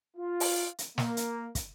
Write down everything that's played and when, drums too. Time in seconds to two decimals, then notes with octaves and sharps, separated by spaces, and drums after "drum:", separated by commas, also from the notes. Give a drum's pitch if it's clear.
0.17 F4
0.40 drum: open hi-hat
0.78 drum: hi-hat
0.98 A#3, drum: snare
1.17 drum: hi-hat
1.55 drum: kick, hi-hat